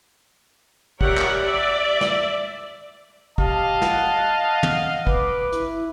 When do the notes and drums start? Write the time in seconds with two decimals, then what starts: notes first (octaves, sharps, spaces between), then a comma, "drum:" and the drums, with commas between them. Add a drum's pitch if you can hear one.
1.01 G4 A#4 C#5 D5 E5 F#5, drum: kick
1.18 drum: clap
1.40 D5 E5
2.01 drum: snare
3.38 G4 D#5 F5 A5, drum: kick
3.82 F#5, drum: snare
4.63 drum: tom
5.07 B4 D6, drum: kick
5.52 E4, drum: hi-hat